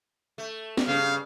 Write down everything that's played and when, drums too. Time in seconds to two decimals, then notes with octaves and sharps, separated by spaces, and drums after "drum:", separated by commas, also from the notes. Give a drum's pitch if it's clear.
0.38 A3
0.77 drum: snare
0.87 G2 C#3 F5